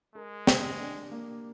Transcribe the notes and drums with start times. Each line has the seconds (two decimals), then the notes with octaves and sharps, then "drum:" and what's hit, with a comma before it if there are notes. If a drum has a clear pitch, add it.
0.15 G#3 A#4
0.47 G4, drum: snare
0.79 D4
1.11 A#3